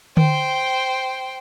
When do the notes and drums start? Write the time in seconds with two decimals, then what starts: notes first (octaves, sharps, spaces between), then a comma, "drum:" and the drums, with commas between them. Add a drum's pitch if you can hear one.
0.17 C5 G5, drum: tom D3